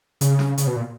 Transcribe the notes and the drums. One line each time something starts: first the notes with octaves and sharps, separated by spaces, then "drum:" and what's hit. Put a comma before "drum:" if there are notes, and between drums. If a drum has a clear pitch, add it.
C#3, drum: hi-hat
drum: snare
C#3, drum: hi-hat
B2
A#2